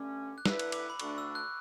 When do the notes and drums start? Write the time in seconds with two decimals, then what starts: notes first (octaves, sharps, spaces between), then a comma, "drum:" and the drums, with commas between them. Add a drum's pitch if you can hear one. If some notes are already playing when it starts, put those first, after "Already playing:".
Already playing: G2 D3 A3 C#4 D6
0.38 F#6
0.46 D3 A3 E4 B4 E6, drum: snare
0.59 drum: cymbal
0.72 D6, drum: cymbal
0.90 B5
1.00 D2 D3 A3 D4 C#6, drum: cymbal
1.18 E6
1.35 F#6